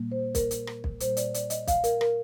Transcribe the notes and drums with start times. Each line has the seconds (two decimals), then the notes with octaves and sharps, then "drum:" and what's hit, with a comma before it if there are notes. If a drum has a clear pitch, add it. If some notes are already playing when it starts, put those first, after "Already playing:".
Already playing: A#2 G3 A#3
0.12 C5
0.35 A#4, drum: kick B1, hi-hat
0.51 drum: hi-hat
0.67 drum: rim click
0.84 drum: kick B1
1.00 A#2 G3 A#3 C5, drum: hi-hat
1.17 D5, drum: hi-hat
1.34 D5, drum: hi-hat
1.50 D#5, drum: hi-hat
1.67 F5, drum: kick B1, hi-hat
1.84 A#4, drum: hi-hat
2.01 A#4, drum: rim click